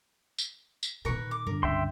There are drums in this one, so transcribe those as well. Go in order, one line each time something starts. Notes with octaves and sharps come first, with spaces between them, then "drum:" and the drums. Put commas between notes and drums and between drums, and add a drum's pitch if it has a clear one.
drum: tambourine
drum: tambourine
A#2 D#3 A#4 B4 C#6
D6
G2 D3 A#4
C#2 E5 G5 C6